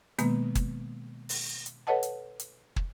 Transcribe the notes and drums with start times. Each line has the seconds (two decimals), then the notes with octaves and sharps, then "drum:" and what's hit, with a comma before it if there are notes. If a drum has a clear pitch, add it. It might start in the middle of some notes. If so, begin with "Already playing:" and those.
0.19 B2 D#3 G#3 A#3 B3, drum: hi-hat
0.55 drum: kick, hi-hat
1.29 drum: open hi-hat
1.66 drum: hi-hat
1.87 A4 B4 C#5 D#5 F#5 A5
2.03 drum: hi-hat
2.40 drum: hi-hat
2.76 drum: kick